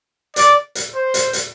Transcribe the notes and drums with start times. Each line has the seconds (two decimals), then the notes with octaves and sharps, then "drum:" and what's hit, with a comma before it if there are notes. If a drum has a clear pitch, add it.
0.36 D5, drum: hi-hat
0.75 drum: hi-hat
0.95 C5
1.14 drum: hi-hat
1.33 drum: hi-hat